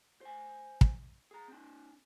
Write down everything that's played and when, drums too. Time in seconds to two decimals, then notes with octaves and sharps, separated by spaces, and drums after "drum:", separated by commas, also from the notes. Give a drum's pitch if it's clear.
0.21 C5 G#5
0.81 drum: kick
1.31 G#4 A#5
1.48 C4 D4